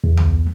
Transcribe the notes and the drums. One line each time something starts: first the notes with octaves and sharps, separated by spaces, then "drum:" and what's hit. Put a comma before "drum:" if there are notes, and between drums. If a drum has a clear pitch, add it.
E2
drum: tom C2